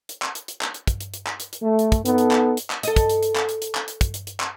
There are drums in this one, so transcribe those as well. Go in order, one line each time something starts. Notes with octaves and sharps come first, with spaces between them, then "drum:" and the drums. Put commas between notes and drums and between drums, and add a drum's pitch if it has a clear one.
drum: hi-hat
drum: clap
drum: hi-hat
drum: hi-hat
drum: clap
drum: hi-hat
drum: kick, hi-hat
drum: hi-hat
drum: hi-hat
drum: clap
drum: hi-hat
drum: hi-hat
A3
drum: hi-hat
drum: kick, hi-hat
B3 D#4 A4, drum: hi-hat
drum: hi-hat
drum: clap
drum: hi-hat
drum: clap
A4 D#5, drum: hi-hat
drum: kick, hi-hat
drum: hi-hat
drum: hi-hat
drum: clap
drum: hi-hat
drum: hi-hat
drum: clap
drum: hi-hat
drum: kick, hi-hat
drum: hi-hat
drum: hi-hat
drum: clap